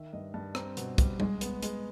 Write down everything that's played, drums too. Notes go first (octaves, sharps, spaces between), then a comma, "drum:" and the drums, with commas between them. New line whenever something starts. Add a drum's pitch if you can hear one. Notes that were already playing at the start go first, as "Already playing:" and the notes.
Already playing: D#3 E5
G2 D#5
G2 A5
C4 A#5, drum: rim click
B2, drum: hi-hat
G3, drum: kick, hi-hat
G#3, drum: tom G3
B3, drum: hi-hat
G#3, drum: hi-hat